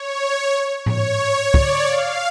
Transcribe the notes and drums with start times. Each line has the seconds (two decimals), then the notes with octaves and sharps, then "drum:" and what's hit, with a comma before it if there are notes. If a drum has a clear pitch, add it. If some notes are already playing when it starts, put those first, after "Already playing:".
Already playing: C#5
0.86 C#5, drum: tom A2
1.54 D5, drum: kick
1.87 F5